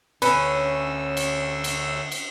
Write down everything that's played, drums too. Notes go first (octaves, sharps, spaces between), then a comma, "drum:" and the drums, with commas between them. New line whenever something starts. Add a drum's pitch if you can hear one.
D2 C#4 B4 E6, drum: cymbal
drum: cymbal
drum: cymbal
drum: cymbal